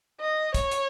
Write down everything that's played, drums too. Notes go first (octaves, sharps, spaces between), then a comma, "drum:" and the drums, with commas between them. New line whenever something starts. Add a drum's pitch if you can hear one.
D#5
C#5, drum: kick, hi-hat
drum: hi-hat